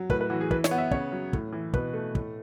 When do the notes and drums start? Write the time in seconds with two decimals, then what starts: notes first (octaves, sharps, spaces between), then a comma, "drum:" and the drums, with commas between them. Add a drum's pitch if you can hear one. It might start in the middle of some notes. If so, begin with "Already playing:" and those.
Already playing: F#3
0.10 A2 B4, drum: kick
0.21 B4
0.30 E3 F#4
0.41 G#4
0.51 E3 B4, drum: kick
0.64 C#5, drum: snare
0.71 B3
0.78 E5
0.91 C#3 C#5, drum: kick
1.12 F#3
1.33 A2, drum: kick
1.53 E3
1.74 B2 B4, drum: kick
1.93 A3
2.15 A2, drum: kick